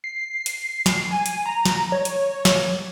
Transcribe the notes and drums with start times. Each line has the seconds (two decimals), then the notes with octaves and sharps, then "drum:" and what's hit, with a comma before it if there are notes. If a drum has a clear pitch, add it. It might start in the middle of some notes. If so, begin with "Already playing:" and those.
0.04 C7
0.46 drum: hi-hat
0.86 drum: snare
1.11 G#5
1.26 drum: hi-hat
1.46 A#5
1.65 drum: snare
1.92 C#5
2.05 drum: hi-hat
2.45 drum: snare